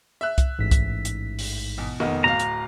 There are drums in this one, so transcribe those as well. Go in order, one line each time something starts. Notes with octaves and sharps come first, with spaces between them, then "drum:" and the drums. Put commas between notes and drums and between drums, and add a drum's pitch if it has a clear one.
E5 F#6
drum: kick C2, hi-hat
A1 G#2 B6
drum: kick C2, hi-hat
drum: hi-hat
drum: open hi-hat
E2 B2
F1 D#3 B3
D1 F5 A#5
drum: hi-hat